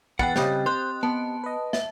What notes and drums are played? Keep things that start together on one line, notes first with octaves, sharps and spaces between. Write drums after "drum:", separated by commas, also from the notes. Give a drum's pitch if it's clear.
E2 B4 F#5 G5 F#6 A6, drum: kick
C#3 G3 C4 G4 D#5, drum: snare
C5 C6 F#6
B3 A5
B4 D#5
E5, drum: snare